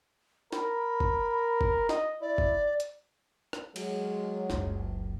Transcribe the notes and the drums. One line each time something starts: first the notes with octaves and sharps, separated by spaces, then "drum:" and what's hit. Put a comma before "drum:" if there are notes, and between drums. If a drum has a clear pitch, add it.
A#4 B5, drum: snare
drum: kick G1
drum: kick G1
D#5, drum: snare
E4 D5
drum: kick G1
drum: hi-hat
drum: rim click
F#3 G#3, drum: cymbal
F#1 C#2, drum: snare